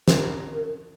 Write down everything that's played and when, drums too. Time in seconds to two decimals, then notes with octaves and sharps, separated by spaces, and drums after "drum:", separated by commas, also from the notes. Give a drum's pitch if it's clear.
0.08 A#4, drum: snare